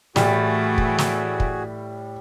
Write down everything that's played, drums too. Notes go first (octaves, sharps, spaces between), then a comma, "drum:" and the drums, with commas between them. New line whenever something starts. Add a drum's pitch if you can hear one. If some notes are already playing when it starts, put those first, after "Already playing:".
A2 E3 G3 A3 F#4 G#4, drum: snare
drum: kick
drum: snare
drum: kick